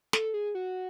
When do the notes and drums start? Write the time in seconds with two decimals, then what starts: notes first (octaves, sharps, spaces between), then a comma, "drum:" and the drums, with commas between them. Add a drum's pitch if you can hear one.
0.13 A4, drum: snare
0.34 G#4
0.55 F#4